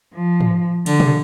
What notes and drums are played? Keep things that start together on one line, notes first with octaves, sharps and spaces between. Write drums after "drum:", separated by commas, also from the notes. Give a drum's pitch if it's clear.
F3
drum: tom G#2
D3, drum: cymbal
drum: tom